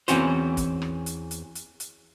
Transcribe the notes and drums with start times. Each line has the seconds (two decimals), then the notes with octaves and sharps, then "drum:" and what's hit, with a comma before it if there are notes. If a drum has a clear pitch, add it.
0.08 E2 E3 C4 C#4 F#4 C5, drum: hi-hat
0.57 drum: kick, hi-hat
0.82 drum: rim click
1.06 drum: hi-hat
1.31 drum: hi-hat
1.55 drum: hi-hat
1.80 drum: hi-hat